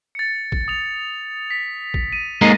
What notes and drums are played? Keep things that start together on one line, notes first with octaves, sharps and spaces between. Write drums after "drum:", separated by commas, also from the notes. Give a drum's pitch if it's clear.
A6 C#7
drum: kick
D#6 F7
B6
drum: kick
D#7
G#3 A#3 D#4 A6 A#6 D7